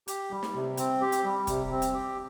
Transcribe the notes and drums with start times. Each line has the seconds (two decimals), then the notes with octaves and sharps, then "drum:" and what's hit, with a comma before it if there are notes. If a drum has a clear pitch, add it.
0.08 G4, drum: hi-hat
0.31 G3
0.43 drum: snare
0.54 C3
0.77 C4, drum: hi-hat
1.01 G4
1.12 drum: hi-hat
1.24 G3
1.47 C3, drum: kick, hi-hat
1.70 C4
1.82 drum: hi-hat
1.94 G4